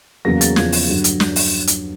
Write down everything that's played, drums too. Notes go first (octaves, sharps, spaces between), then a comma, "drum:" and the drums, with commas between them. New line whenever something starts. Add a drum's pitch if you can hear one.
E2 C#3 F#3 A#3 A#6
A6, drum: hi-hat
E2 C#3 F3 G#6, drum: snare
drum: open hi-hat
G2 D3 F#3
drum: hi-hat
drum: snare
drum: open hi-hat
drum: hi-hat